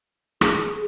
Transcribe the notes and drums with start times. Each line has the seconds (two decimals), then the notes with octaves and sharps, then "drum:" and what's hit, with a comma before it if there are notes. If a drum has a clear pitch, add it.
0.41 G#4, drum: rim click